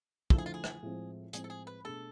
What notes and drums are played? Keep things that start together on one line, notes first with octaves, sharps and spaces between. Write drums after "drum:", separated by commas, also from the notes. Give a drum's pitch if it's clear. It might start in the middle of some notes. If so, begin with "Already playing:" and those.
D3 F3 A3 E4 A4, drum: kick
G#4
F4
G#4
drum: rim click
A2 F3 G#3 C4
A2 F3 G#3 C4 G#4, drum: hi-hat
A4
G#4
B4
B2 A3 D4 G#4 A4